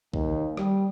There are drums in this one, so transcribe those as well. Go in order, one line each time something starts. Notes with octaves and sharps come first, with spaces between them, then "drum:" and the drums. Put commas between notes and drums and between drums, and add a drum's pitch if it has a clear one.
D#2, drum: kick
G3, drum: rim click